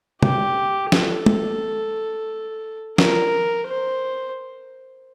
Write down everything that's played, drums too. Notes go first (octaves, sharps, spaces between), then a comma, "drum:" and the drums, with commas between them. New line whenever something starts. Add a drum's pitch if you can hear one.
G4, drum: tom
A4, drum: snare
drum: tom
A#4, drum: snare
C5